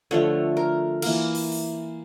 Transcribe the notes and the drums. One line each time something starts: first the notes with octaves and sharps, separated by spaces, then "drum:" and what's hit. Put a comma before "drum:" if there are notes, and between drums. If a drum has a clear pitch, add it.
D3 F3 A3 C#5
A#4
E3 A#3 A#4, drum: cymbal
drum: open hi-hat
drum: open hi-hat